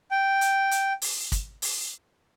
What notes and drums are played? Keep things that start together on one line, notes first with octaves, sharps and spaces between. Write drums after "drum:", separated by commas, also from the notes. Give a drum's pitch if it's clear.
G5
drum: hi-hat
drum: hi-hat
drum: open hi-hat
drum: kick, hi-hat
drum: open hi-hat